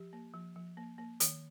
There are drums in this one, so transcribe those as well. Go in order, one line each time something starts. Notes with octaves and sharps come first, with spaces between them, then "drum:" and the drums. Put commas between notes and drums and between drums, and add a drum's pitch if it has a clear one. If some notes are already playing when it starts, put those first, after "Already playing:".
Already playing: F3 G4
A#3
F3
F3
A#3
A#3
D#3, drum: hi-hat